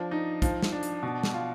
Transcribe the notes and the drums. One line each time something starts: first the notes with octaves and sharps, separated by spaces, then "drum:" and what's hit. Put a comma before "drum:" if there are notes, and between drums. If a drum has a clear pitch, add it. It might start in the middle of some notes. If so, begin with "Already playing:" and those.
Already playing: F3 D4
D#4
F3, drum: kick, hi-hat
drum: snare
D4
drum: hi-hat
B2
drum: snare
F4